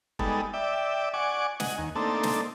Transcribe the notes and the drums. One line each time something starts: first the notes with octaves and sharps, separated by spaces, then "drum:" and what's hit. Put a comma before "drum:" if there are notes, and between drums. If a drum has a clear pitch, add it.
G3 G#3 B3 D#4 A4, drum: kick
D5 E5 G5
D5 F#5 G#5 C#6 D6
D#5 F#5 G#5, drum: snare
D#2
A3 A#3 C4 D4 D#4 A4
drum: snare